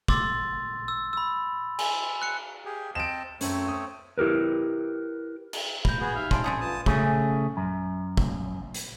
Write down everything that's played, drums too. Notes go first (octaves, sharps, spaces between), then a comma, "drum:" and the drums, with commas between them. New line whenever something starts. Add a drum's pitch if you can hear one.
C6 D6 E6 A6, drum: kick
E6
B5 E6
G#5, drum: cymbal
F#6 C#7
G4 G#4
C4 D#5 A5 D7 E7
F#2 A3 C4 C#5, drum: hi-hat
D#6
E4 G4 A#4 B4
drum: cymbal
A#5 B5 G6, drum: kick
B3 F#4 G#4
D#4 G4 E5 F5
G#3 D4 C6, drum: kick
D3 A3 C4 C#4 G#4
F4 B4 F5 A5 D#6
C#3 A3 C#4 G#4, drum: kick
F#2
drum: kick
drum: hi-hat